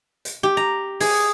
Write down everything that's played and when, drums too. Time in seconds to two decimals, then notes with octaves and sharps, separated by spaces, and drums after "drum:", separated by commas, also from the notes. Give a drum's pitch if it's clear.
0.25 drum: hi-hat
0.43 G4
0.57 A#5
1.00 G#4, drum: open hi-hat